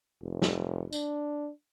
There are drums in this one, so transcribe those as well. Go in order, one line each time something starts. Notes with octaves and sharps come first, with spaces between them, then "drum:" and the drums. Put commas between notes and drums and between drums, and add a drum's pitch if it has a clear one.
F1
drum: snare
D4, drum: tambourine